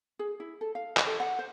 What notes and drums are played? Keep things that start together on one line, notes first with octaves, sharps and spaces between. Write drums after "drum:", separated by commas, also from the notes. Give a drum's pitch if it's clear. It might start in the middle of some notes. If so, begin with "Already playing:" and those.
G#4
E4
A4
F5
drum: clap
A4
F#5
C5